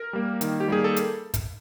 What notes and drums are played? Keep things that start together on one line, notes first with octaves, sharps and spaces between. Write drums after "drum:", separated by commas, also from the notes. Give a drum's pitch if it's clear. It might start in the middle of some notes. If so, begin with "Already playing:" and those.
Already playing: A#4
G3 A#3
D#3, drum: hi-hat
G4
G3 A#3 G#4
A4
drum: hi-hat
drum: kick, hi-hat